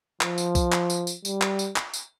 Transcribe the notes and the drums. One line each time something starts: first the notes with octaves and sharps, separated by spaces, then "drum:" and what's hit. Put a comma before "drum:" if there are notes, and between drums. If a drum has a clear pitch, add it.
F3, drum: clap
drum: tambourine
drum: kick B1, tambourine
drum: clap
drum: tambourine
drum: tambourine
G3, drum: tambourine
drum: clap
drum: tambourine
drum: clap
drum: tambourine